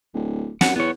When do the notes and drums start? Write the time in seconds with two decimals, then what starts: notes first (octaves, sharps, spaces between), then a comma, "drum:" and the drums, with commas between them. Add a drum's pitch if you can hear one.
0.14 D1
0.61 F#2 F#5, drum: snare
0.76 E2 B3 C#5